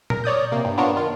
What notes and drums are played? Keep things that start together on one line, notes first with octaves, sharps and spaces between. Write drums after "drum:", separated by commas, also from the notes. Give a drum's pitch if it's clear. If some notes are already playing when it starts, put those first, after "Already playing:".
A#4, drum: tom A#2
C#5 D5 D#6 G6
C3 A#3
G2
B3 D4 F4 A#4 C#5
D#3 F4